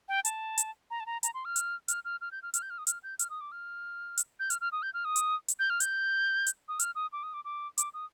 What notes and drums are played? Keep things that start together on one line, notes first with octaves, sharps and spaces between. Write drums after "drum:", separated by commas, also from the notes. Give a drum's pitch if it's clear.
G5
A5, drum: hi-hat
drum: hi-hat
A#5
A5
A#5
A#5, drum: hi-hat
C6
F6
drum: hi-hat
F6, drum: hi-hat
F6
F6
G6
F6
F6, drum: hi-hat
G6
F6
D#6
F6, drum: hi-hat
G6
F6, drum: hi-hat
D#6
D6
F6
drum: hi-hat
G6
F6, drum: hi-hat
F6
D#6
G6
F6
D#6
drum: hi-hat
drum: hi-hat
G6
F6
G6, drum: hi-hat
drum: hi-hat
D#6
F6, drum: hi-hat
D#6
D6
D#6
D6
D6
D6, drum: hi-hat
D#6